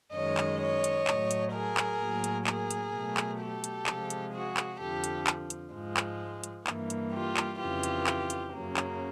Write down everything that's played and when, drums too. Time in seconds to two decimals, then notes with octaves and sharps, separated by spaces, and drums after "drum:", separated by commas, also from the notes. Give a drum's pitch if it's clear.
0.13 F#2 D#3 G#3 C#5 D#5
0.37 drum: clap
0.61 C#5 D#5
0.84 drum: hi-hat
1.07 A2 F#3 A3, drum: clap
1.31 drum: hi-hat
1.54 G#4 A#4
1.77 drum: clap
2.00 A2 F#3 A#3
2.24 drum: hi-hat
2.47 G#4 A#4, drum: clap
2.71 drum: hi-hat
2.93 B2 F#3 A3
3.17 drum: clap
3.41 G4 A4
3.64 drum: hi-hat
3.86 C3 F3 G#3, drum: clap
4.10 drum: hi-hat
4.34 F#4 G#4
4.57 drum: clap
4.80 F2 D3 F3 G4 A4
5.04 drum: hi-hat
5.27 drum: clap
5.50 drum: hi-hat
5.74 G#2 F3 G#3
5.97 drum: clap
6.44 drum: hi-hat
6.67 G2 E3 G3 A#3, drum: clap
6.90 drum: hi-hat
7.13 F4 G4
7.37 drum: clap
7.59 F2 C#3 E3 F4 G4
7.83 drum: hi-hat
8.07 drum: clap
8.30 drum: hi-hat
8.54 F#2 C#3 F#3 A#3
8.77 drum: clap